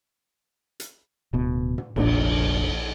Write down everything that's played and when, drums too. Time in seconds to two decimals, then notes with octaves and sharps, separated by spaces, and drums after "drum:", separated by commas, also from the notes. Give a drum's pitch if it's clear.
0.80 drum: hi-hat
1.33 D1 B2
1.78 drum: tom
1.96 F1 A#1 C#3 D4, drum: cymbal